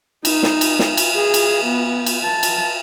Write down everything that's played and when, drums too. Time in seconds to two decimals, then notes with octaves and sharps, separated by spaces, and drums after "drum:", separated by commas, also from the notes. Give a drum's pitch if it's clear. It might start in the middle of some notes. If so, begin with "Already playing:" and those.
0.25 D#4, drum: cymbal
0.43 drum: snare
0.61 drum: cymbal
0.79 drum: snare
0.97 drum: cymbal
1.14 G#4
1.34 drum: cymbal
1.65 B3
2.06 drum: cymbal
2.24 A5
2.43 drum: cymbal